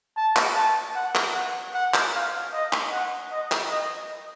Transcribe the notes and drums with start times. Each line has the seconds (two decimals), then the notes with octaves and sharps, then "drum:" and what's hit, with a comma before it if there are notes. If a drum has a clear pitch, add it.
0.17 A5
0.36 drum: clap
0.56 A5
0.96 F#5
1.15 drum: clap
1.35 F#5
1.74 F#5
1.94 drum: clap
2.14 F5
2.53 D#5
2.73 drum: clap
2.92 F#5
3.32 D#5
3.52 drum: clap
3.71 D#5